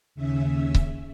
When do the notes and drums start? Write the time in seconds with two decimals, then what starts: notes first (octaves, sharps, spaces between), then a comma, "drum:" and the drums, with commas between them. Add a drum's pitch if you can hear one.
0.15 D#2 C#3 C#4 E5
0.75 drum: kick C#1